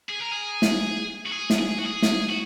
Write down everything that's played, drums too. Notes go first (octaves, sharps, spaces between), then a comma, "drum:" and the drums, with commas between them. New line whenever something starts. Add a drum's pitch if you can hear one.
G#4
A#4
G#4
drum: snare
F#4
G#4
drum: snare
G#4
F#4
G#4
drum: snare
F#4